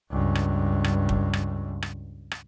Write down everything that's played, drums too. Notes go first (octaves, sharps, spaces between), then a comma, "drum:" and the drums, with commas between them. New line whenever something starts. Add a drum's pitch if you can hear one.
C#2 G2
drum: rim click
drum: rim click
drum: kick
drum: rim click
drum: rim click
drum: rim click